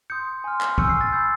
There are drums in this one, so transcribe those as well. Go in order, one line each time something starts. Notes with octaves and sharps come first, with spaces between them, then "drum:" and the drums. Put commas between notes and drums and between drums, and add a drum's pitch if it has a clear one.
C6 D#6 G6 C#7
G#5 C6 F6
drum: clap
G#5 C#6 E6 G6 C#7, drum: kick
C7
A6
B5 E6 G6